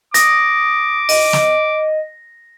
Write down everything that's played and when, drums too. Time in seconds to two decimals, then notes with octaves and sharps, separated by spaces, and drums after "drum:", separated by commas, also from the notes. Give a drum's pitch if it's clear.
0.14 D6 D#6 A#6, drum: hi-hat
1.09 D#5, drum: open hi-hat
1.33 drum: snare